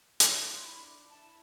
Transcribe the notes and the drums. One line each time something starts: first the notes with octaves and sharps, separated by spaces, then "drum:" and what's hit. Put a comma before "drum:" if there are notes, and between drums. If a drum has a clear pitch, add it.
F4 C6, drum: hi-hat
E4 C6
B5
D4
E4 A5